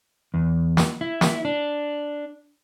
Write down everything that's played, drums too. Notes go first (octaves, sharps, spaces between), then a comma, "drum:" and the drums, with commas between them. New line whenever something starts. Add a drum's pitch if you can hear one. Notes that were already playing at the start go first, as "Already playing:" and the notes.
E2
drum: snare
E4
drum: snare
D4